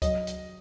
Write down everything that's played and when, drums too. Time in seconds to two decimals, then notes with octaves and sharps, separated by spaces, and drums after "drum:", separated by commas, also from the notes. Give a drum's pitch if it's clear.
0.02 F#3 D#5, drum: kick C#2, hi-hat
0.27 drum: hi-hat